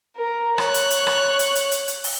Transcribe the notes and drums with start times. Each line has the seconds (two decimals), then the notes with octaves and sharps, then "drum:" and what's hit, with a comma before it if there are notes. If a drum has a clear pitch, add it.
0.16 A#4
0.58 C#5 F#6, drum: rim click
0.74 drum: hi-hat
0.90 drum: hi-hat
1.07 drum: rim click
1.39 drum: hi-hat
1.55 drum: hi-hat
1.72 drum: hi-hat
1.88 drum: hi-hat
2.04 drum: open hi-hat